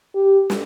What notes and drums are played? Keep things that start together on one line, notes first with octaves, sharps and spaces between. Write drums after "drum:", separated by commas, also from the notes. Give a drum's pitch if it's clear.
G4
drum: snare